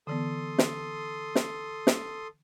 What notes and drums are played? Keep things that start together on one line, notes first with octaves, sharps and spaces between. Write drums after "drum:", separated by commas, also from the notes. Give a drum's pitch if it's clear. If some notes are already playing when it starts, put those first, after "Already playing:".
D3 E3 B3 A4 C6 D#6
drum: snare
drum: snare
drum: snare